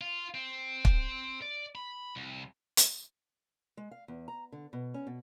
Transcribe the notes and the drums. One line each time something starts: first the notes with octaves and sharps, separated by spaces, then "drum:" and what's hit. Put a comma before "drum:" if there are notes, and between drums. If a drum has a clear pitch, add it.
F4
C4
drum: kick
D5
B5
C2
drum: hi-hat
G#3
F5
E2
A#5
D3
B2
C#4
B2